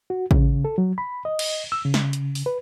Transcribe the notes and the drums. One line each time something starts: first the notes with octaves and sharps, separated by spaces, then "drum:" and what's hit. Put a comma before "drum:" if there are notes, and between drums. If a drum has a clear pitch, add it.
F#4
C#3, drum: kick A1
A4
F#3
B5
D#5
drum: cymbal
E6
C#3
drum: snare
drum: hi-hat
drum: open hi-hat
B4